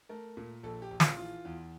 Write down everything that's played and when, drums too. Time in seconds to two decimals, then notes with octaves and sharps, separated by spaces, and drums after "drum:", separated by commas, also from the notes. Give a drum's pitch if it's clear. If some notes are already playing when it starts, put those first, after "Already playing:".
0.09 A3 A#4
0.37 A#2
0.63 A#1 A4
0.82 G4
0.91 A#1
1.00 F4, drum: snare
1.17 E3 F4
1.45 E2